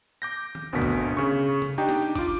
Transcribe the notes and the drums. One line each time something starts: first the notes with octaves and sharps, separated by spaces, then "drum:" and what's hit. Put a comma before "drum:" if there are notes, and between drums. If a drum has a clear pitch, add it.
D6 G6 A#6
drum: tom
G#1 D2 B2 D4 A#4 B6
drum: kick F#1
C#3 C#6
drum: tom
D4 D#4 G4 G5
drum: snare
F4 D6, drum: kick F#1, cymbal